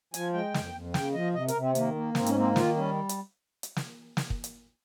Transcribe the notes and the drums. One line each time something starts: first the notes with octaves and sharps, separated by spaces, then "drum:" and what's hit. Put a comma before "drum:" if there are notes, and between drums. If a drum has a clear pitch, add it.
F3 G#5, drum: hi-hat
G#3 G5
F2, drum: snare
F2
C#3 G5, drum: snare
F3 D#5
C3 D#5
A#4, drum: hi-hat
C3
C4
D#3 A#3, drum: hi-hat
A#3
G#2 C4, drum: snare
C#4, drum: hi-hat
A#3 C4
D#3 F4, drum: snare
G3 C#4
drum: hi-hat
drum: hi-hat
drum: snare
drum: snare
drum: kick
drum: hi-hat